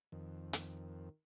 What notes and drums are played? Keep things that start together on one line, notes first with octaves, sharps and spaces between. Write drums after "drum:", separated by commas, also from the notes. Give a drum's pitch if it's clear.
F2 D#3
drum: hi-hat